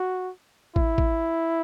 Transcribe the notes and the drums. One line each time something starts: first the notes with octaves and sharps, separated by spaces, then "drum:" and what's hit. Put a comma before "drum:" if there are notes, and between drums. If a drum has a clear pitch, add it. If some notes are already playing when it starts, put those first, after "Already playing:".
Already playing: F#4
E4, drum: kick
drum: kick